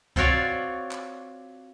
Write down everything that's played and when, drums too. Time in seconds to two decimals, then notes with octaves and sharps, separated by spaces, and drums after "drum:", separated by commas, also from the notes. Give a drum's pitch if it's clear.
0.16 C4 F4 F#4 C#5 D5, drum: kick C2
0.91 drum: clap